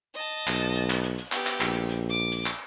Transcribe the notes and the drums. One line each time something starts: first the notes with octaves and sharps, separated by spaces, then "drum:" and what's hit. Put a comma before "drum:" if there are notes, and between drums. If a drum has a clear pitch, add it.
D#5 A5
B1, drum: clap
drum: hi-hat
drum: clap
drum: hi-hat
drum: hi-hat
B3 G4, drum: clap
drum: clap
A#1, drum: clap
drum: hi-hat
drum: hi-hat
D6
drum: hi-hat
drum: clap